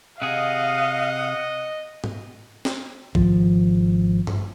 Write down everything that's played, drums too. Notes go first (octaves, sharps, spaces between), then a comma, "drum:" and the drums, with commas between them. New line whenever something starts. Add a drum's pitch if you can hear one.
C3 G#4 D#5 F5 F#5
drum: tom G#2
drum: snare
G#1 F3, drum: kick
drum: tom G2